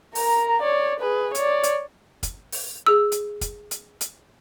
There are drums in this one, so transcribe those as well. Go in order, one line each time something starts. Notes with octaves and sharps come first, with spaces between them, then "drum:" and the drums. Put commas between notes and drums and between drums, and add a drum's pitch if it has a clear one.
A#4 A#5, drum: open hi-hat
C#5 D5
G#4 B4
C#5 D5, drum: hi-hat
drum: hi-hat
drum: kick, hi-hat
drum: open hi-hat
G#4 E6
drum: hi-hat
drum: kick, hi-hat
drum: hi-hat
drum: hi-hat